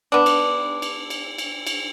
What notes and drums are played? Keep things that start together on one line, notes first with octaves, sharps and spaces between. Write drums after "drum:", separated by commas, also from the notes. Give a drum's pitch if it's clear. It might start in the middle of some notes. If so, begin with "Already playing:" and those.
B3 D4
drum: cymbal
drum: cymbal
drum: cymbal
drum: cymbal
drum: cymbal